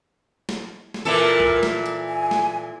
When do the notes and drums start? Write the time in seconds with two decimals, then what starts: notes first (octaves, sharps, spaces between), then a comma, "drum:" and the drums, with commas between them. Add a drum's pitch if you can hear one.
0.49 drum: snare
0.94 drum: snare
1.05 A#2 E3 A4 A#4
1.40 drum: kick
1.63 drum: snare
1.86 drum: hi-hat
2.08 G#5
2.31 drum: snare